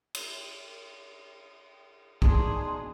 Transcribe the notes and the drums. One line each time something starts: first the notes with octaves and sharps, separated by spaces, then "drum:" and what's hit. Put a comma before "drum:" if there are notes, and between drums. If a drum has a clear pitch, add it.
drum: cymbal
E2 B2 D4 D#4 G#4 C6, drum: kick B1